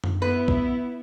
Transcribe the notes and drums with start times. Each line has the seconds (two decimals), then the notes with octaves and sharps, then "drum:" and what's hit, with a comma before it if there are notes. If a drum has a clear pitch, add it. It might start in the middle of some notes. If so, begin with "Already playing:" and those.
0.04 drum: tom F#2
0.22 B3 E4 B4
0.48 drum: kick B1